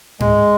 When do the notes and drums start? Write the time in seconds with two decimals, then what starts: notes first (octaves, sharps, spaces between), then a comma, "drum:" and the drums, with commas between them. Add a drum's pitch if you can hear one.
0.20 G#3, drum: tom G#2